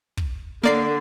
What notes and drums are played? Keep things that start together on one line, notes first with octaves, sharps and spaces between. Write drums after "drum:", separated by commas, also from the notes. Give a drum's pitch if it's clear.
drum: kick
D3 A#3 D5 C7